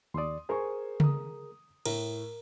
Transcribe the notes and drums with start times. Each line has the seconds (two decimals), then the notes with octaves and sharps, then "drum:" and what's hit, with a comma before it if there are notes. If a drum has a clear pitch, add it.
0.14 D#2 D5 C6 D#6
0.49 G#4 A#4 C5 G#5 C#6
1.00 A#5 D#6, drum: tom C#3
1.85 A2 A#4, drum: cymbal